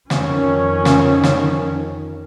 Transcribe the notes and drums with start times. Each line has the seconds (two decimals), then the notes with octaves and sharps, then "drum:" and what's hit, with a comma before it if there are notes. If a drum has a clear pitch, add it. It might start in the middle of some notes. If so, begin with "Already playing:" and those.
0.10 F2 D#3 C#4, drum: snare
0.85 drum: snare
1.24 drum: snare